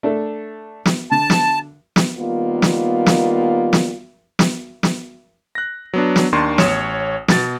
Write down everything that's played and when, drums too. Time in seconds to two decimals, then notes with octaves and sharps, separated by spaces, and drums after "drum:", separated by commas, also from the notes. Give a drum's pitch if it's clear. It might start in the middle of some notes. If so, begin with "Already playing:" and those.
0.03 A3 D4 A4
0.86 drum: snare
1.12 D3 A5
1.30 drum: snare
1.96 drum: snare
2.18 D#3 G3 A#3 B3 F4
2.62 drum: snare
3.06 drum: snare
3.73 drum: snare
4.39 drum: snare
4.83 drum: snare
5.55 F#6 A#6
5.94 F#3 B3 D4
6.16 drum: snare
6.33 D#2 D#3 D4 C6 C#6
6.58 A1 C#5 D#6 E7, drum: snare
7.28 B2 A6, drum: snare